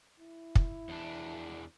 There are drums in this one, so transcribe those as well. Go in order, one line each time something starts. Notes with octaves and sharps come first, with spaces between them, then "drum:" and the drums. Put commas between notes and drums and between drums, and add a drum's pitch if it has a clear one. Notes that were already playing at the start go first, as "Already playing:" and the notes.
E4
drum: kick
E2 D4